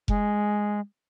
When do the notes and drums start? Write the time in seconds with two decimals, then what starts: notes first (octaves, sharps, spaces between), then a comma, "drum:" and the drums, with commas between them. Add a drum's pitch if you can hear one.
0.08 G#3, drum: kick F1